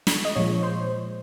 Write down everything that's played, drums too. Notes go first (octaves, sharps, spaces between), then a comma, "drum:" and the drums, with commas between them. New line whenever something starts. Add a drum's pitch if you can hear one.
drum: snare
D#5
A#2 F3 G#3 C#5
C5